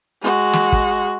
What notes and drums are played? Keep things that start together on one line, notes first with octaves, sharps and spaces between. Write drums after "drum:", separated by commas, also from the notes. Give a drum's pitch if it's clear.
G#3 F#4
drum: snare
drum: kick